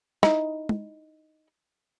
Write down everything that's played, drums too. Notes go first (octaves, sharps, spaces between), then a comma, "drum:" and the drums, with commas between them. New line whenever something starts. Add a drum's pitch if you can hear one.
D#4 E4, drum: snare
drum: tom